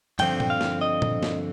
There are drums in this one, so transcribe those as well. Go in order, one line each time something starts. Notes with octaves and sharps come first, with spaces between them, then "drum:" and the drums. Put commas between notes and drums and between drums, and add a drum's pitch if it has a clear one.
G2 D3 F3 C4 G5, drum: cymbal
drum: tom A#2
F5
drum: snare
D#5
drum: tom A#2
drum: snare